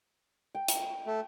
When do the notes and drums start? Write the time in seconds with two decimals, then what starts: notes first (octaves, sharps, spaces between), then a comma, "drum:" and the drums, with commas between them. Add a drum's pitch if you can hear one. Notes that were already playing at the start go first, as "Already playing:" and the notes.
0.55 G5
0.68 drum: hi-hat
1.06 A3